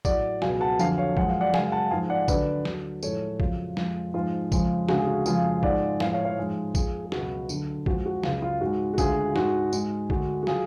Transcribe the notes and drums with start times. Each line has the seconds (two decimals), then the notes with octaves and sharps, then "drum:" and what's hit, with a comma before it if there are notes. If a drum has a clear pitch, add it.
0.05 A2 F#3 D5 F#5, drum: kick, tambourine
0.42 C#2 B2 F#3 F5 G#5, drum: snare
0.61 F#5 A5
0.79 F2 D3 F#3 F5 G#5, drum: tambourine
0.98 C#5 F5
1.17 F#2 F3 G#3 F#5, drum: kick
1.29 F5
1.41 D5 F#5
1.54 F#2 C#3 G#3 F5 G#5, drum: snare
1.72 F#5 A5
1.91 G#2 F3 G#3 F5 G#5
2.10 D5 F#5
2.28 D2 D3 F#3 B4 D5, drum: kick, tambourine
2.65 D2 D3 F#3, drum: snare
3.03 A2 F3 G#3 A4 C#5, drum: tambourine
3.40 F2 C#3 F#3 F4, drum: kick
3.77 F2 F3 G#3 F4, drum: snare
4.14 G#2 F3 G#3 F4
4.52 F2 C#3 F3 G#3, drum: kick, tambourine
4.89 D2 C#3 G#3 F#4, drum: snare
4.98 G#4
5.07 F#4
5.26 F2 C#3 F3 G#3 F4 G#4, drum: tambourine
5.63 G#2 F3 G#3 D5 F#5, drum: kick
6.00 A2 F3 G#3 F5 G#5, drum: snare
6.13 C#5 F5
6.25 C#5 F5
6.38 G#2 F3 G#3
6.75 F2 F3 G#3 F4 G#4, drum: kick, tambourine
7.05 G#4
7.12 C#2 B2 F#3 F#4, drum: snare
7.49 D2 D3 F#3, drum: tambourine
7.86 F2 F3 G#3 F#4, drum: kick
8.05 F#4
8.24 C#2 C#3 F#3 F4, drum: snare
8.42 F4
8.61 G#2 G#3 F#4
8.94 F#4
8.98 D2 C#3 G#3 F4 G#4, drum: kick, tambourine
9.36 G#2 G#3 F#4, drum: snare
9.73 G#2 G#3, drum: tambourine
10.10 D2 D3 G#3 F#4, drum: kick
10.43 F#4
10.47 C#3 F#3 F4 G#4, drum: snare